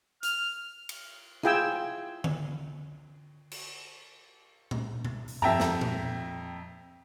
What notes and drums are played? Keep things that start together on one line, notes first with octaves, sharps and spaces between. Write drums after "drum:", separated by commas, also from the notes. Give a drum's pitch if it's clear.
F6, drum: hi-hat
drum: cymbal
E4 F4 G#4 G5 G#5 E6, drum: rim click
drum: tom D3
drum: cymbal
drum: tom A#2
drum: tom B2
drum: open hi-hat
F2 E5 G5 A5 A#5, drum: tom G2
drum: snare
drum: tom A#2